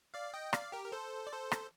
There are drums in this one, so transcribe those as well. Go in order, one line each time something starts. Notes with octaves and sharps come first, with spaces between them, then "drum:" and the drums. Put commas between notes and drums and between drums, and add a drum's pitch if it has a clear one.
D5 F5
D#5 G5
D5 F5, drum: rim click
G4 A#4
A#4
A4 C5
D5
A4 C5
drum: rim click